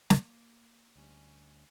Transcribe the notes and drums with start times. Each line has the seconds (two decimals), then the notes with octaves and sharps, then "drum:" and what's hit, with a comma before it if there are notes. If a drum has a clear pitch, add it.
0.10 A#3, drum: snare
0.96 D2 G3 C#4